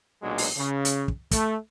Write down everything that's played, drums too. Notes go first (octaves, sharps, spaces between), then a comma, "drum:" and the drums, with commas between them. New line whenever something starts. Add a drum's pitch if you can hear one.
B1 A#2 F#3 G#3 D4
drum: open hi-hat
C#3
drum: hi-hat
drum: kick
A3, drum: kick, hi-hat